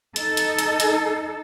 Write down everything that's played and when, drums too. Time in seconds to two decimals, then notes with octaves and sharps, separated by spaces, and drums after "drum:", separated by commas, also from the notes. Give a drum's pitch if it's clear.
0.16 D#4 A4, drum: hi-hat
0.37 drum: hi-hat
0.59 drum: hi-hat
0.80 drum: hi-hat